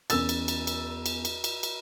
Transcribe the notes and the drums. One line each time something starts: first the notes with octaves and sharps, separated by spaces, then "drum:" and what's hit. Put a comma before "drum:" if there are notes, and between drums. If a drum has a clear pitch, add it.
E2 C#4 A#4 E6 A6, drum: cymbal
drum: cymbal
drum: cymbal
drum: cymbal
drum: cymbal
drum: cymbal
drum: cymbal
drum: cymbal